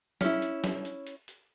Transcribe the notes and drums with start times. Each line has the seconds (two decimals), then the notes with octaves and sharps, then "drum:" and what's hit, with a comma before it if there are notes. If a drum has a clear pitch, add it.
0.21 C#4 E4, drum: snare
0.42 drum: hi-hat
0.64 drum: snare
0.85 drum: hi-hat
1.07 drum: hi-hat
1.28 drum: hi-hat